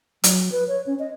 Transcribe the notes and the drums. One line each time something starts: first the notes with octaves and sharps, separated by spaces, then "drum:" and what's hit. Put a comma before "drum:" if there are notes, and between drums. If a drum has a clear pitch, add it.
F#3, drum: hi-hat
B4
C#5
C#4
D#5